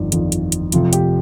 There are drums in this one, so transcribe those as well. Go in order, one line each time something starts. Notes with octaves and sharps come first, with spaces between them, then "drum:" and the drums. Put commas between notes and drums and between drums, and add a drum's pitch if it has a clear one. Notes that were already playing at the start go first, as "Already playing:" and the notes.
Already playing: G1 F2 D#3 D5
G1 F2 D#3, drum: hi-hat
drum: hi-hat
drum: hi-hat
F1 F2 C3 F3 F4, drum: hi-hat
G4, drum: hi-hat